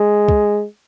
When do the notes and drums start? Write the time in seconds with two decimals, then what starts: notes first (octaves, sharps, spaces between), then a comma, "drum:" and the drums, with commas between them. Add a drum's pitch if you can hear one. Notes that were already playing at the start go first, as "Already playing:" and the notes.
Already playing: G#3
0.28 drum: kick